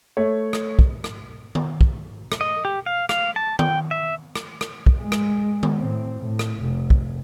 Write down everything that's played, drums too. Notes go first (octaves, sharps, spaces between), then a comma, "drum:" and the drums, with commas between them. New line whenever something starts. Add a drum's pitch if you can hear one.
A3 C#5
drum: rim click
drum: kick
drum: rim click
drum: tom D#3
drum: kick
drum: rim click
D#5
G4
F5
F5, drum: rim click
A5
G5, drum: tom D#3
E5
drum: rim click
drum: rim click
drum: kick
G#3
drum: rim click
drum: tom D#3
A2 C4
A2
drum: rim click
F1
drum: kick